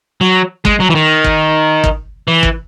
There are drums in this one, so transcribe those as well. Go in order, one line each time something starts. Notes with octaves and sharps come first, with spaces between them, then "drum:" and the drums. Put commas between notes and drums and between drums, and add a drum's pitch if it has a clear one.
F#3
G#3, drum: kick
F#3
E3
D#3
drum: kick
drum: kick
E3
drum: kick